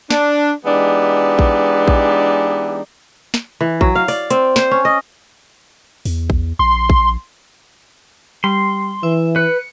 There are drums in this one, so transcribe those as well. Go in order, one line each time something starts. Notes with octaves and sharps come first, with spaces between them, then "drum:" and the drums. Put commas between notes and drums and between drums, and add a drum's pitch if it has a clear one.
D4, drum: snare
E3 G#3 B3 D4 D#4 G4
drum: kick A#1
drum: kick A#1
drum: snare
E3
F#3, drum: kick A#1
F5
D5, drum: open hi-hat
C4, drum: hi-hat
C5, drum: snare
C#4
D#5
E2, drum: open hi-hat
drum: kick A#1
A#1 C6
drum: kick A#1
G3 C6
E3 E5
B4 C#7